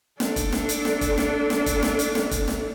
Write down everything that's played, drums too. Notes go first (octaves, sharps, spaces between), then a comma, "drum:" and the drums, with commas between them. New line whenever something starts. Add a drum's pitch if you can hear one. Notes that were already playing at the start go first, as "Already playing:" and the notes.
D4 A4, drum: snare
drum: kick, hi-hat
drum: snare
drum: hi-hat
drum: snare
drum: kick, hi-hat
drum: snare
drum: snare
drum: kick, hi-hat
drum: snare
drum: hi-hat
drum: snare
drum: kick, hi-hat
drum: snare